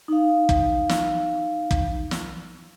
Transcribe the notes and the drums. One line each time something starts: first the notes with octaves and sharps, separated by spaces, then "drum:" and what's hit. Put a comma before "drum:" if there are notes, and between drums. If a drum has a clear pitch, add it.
D#4 F5
drum: kick
drum: snare
drum: kick
drum: snare